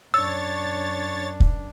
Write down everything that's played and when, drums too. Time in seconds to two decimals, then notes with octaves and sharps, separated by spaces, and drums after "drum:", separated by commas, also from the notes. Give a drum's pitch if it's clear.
0.14 F#2 D4 C#5 E6 A6
1.40 drum: kick